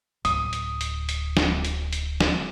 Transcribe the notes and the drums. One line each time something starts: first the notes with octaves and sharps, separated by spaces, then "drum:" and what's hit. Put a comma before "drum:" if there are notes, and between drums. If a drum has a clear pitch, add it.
D1 D#6, drum: hi-hat
drum: hi-hat
drum: hi-hat
drum: hi-hat
drum: snare
drum: hi-hat
drum: hi-hat
drum: snare